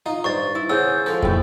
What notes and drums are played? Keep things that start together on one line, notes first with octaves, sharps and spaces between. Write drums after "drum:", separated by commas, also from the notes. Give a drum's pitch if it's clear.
D#4 F4
G2 C5 C#6 A6
E4
C#3 B3 C5 E6
F3 G#3 F4 A4
A#1 A2 E4 G5, drum: kick